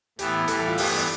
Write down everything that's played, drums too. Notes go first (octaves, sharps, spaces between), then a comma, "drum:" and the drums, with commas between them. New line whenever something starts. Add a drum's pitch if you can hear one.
A2 E3 B3 E4 G4, drum: hi-hat
A2 E3 G3 A4, drum: hi-hat
A4
F4
G2 E3 B3 G4, drum: open hi-hat
D5